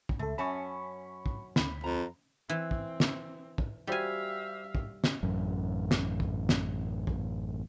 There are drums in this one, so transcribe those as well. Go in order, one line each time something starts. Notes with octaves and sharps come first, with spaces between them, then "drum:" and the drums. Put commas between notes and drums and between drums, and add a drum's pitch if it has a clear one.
drum: kick
C#2 A3 A4
F#2 C#4 A5 B5 C#6
drum: kick
D2 B5, drum: snare
F2 A#5
E3 C4
drum: kick
drum: snare
drum: kick
G3 F#4 G4 C5 E5 F5 G#5
drum: kick
drum: snare
A1 F#2
drum: snare
drum: kick
drum: snare
drum: kick